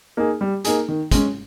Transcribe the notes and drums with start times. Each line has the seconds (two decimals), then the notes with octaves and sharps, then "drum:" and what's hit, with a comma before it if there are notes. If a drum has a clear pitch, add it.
0.17 A#3 D#4 G#4
0.41 G3
0.65 A#3 D#4 G#4, drum: hi-hat
0.89 D#3
1.11 G#3 C#4, drum: kick, hi-hat